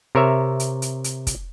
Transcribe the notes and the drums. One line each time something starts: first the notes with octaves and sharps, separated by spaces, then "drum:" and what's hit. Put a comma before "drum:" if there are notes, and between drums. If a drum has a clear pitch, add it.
C3 A#4 C#5 E5
drum: hi-hat
drum: hi-hat
drum: hi-hat
drum: kick, hi-hat